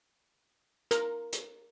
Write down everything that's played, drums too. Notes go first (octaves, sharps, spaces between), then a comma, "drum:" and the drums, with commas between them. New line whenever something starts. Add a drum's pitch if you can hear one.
A#4, drum: hi-hat
drum: hi-hat